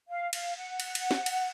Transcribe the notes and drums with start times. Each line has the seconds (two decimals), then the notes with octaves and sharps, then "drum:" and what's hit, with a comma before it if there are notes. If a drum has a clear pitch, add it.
0.09 F5
0.33 F5, drum: cymbal
0.56 F#5
0.80 drum: cymbal
0.95 drum: cymbal
1.11 drum: snare
1.26 drum: cymbal